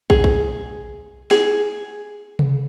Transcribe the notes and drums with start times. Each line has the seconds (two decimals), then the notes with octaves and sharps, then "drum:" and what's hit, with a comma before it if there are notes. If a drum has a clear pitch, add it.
0.10 G#4, drum: kick
0.24 drum: kick
1.31 G#4, drum: snare
2.39 drum: tom C3